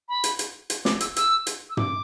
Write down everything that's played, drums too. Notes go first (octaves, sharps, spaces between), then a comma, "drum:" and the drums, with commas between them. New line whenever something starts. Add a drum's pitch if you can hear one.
B5
drum: hi-hat
drum: hi-hat
drum: hi-hat
D6, drum: snare
E6, drum: hi-hat
E6, drum: hi-hat
drum: hi-hat
E6
D6, drum: tom